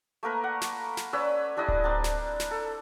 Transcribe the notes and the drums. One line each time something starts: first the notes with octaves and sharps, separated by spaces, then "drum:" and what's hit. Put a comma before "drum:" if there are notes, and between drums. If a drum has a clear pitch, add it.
A3 A#3 A#4 B4
F#5
drum: snare
drum: snare
C#4 B4 D5 E6
G3 D4 E4 D#5
drum: kick D1
C4 D4 A#4 A5
drum: snare
drum: snare
A4